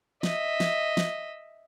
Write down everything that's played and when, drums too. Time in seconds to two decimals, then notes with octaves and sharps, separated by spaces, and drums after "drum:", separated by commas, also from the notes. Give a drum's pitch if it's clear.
0.23 D#5 E5, drum: snare
0.60 drum: snare
0.97 drum: snare